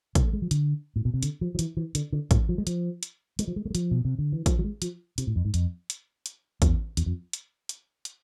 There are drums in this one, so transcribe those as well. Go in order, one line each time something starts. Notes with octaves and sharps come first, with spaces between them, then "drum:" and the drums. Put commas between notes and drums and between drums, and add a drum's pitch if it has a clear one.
C3, drum: kick, hi-hat
A3
G#3
F3
D3, drum: hi-hat
A2
B2
C3
D3, drum: hi-hat
F3
F3
E3, drum: hi-hat
E3
D3, drum: hi-hat
D3
A2, drum: kick, hi-hat
F3
G#3
F3, drum: hi-hat
drum: hi-hat
G#3, drum: hi-hat
F3
G#3
A3
G#3
F3, drum: hi-hat
B2
C3
D3
E3
F3, drum: kick, hi-hat
F3
G#3
F3, drum: hi-hat
C3, drum: hi-hat
A2
F2
G#2
F2, drum: hi-hat
drum: hi-hat
drum: hi-hat
E2, drum: kick, hi-hat
E2, drum: hi-hat
F2
drum: hi-hat
drum: hi-hat
drum: hi-hat